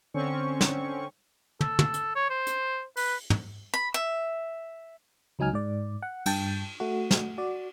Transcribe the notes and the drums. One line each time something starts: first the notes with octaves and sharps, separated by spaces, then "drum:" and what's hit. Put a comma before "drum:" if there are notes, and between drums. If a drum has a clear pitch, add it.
D3 C4 C#4 C#6
drum: snare
A4, drum: tom
drum: tom
drum: hi-hat
C#5
C5
drum: hi-hat
B4, drum: open hi-hat
drum: tom
B5
E5
C#2 F#3 D#4 G#5 F6
G#2 D5
F#5
G2 G5 A5, drum: cymbal
A3 F#4
drum: snare
F#4 D5